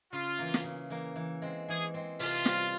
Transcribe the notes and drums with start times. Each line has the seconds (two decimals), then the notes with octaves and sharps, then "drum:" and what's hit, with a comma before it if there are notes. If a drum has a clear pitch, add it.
0.12 C#3 F4
0.39 E3 A#3
0.54 drum: snare
0.64 C#3
0.90 E3 A#3
1.16 E3
1.42 G#3 C4
1.68 E3 G#4
1.94 G#3 C4
2.19 C3 F4, drum: open hi-hat
2.45 G3 C4, drum: snare